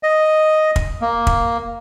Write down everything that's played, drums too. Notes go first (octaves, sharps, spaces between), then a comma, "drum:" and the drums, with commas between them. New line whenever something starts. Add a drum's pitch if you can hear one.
D#5
drum: kick
A#3
drum: kick